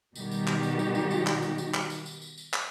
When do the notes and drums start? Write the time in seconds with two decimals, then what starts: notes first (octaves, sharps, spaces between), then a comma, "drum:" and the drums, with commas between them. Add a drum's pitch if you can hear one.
0.15 B2 D#3 G3 D#4 F#4 G4, drum: tambourine
0.31 drum: tambourine
0.47 drum: clap
0.63 drum: tambourine
0.79 drum: tambourine
0.95 drum: tambourine
1.11 drum: tambourine
1.26 drum: clap
1.42 drum: tambourine
1.58 drum: tambourine
1.74 drum: clap
1.90 drum: tambourine
2.06 drum: tambourine
2.22 drum: tambourine
2.38 drum: tambourine
2.53 drum: clap